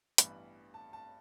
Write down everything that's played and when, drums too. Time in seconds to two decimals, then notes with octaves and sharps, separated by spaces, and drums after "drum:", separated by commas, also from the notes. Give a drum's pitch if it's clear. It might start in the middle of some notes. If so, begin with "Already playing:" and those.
0.18 A1 G2 E3 G3 B3 B5, drum: hi-hat
0.74 A5
0.93 A5